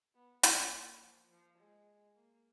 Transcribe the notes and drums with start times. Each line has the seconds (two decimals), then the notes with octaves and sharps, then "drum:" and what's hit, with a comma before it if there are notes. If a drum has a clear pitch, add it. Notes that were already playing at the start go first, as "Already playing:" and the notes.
0.14 B3
0.43 A#3, drum: hi-hat
1.01 F3
1.30 F3
1.58 G#3
2.16 A#3